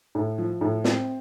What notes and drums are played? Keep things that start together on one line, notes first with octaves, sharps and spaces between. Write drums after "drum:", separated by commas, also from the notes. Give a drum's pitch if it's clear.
A2
F3
A2
C4, drum: snare